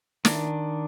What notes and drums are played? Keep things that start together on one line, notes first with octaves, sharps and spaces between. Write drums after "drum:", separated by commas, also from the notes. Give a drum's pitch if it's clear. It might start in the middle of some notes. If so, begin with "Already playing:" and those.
D#3 D4, drum: snare